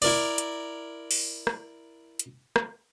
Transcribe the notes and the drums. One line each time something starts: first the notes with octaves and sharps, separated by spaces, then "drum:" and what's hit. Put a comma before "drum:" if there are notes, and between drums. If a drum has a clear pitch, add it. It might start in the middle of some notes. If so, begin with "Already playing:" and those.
E4 A#4 D5, drum: open hi-hat
drum: hi-hat
drum: open hi-hat
drum: rim click
drum: hi-hat
drum: rim click